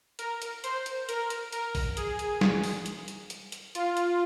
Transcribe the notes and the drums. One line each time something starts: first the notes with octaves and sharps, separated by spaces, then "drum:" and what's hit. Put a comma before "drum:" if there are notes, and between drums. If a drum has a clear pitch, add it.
A#4, drum: hi-hat
drum: hi-hat
C5, drum: hi-hat
drum: hi-hat
A#4, drum: hi-hat
drum: hi-hat
A#4, drum: hi-hat
drum: kick, open hi-hat
G#4, drum: hi-hat
drum: hi-hat
drum: snare
drum: open hi-hat
drum: hi-hat
drum: hi-hat
drum: hi-hat
drum: hi-hat
F4, drum: hi-hat
drum: hi-hat